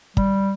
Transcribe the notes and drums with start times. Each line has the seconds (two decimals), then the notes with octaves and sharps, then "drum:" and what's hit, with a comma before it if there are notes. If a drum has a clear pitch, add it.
0.17 G3, drum: kick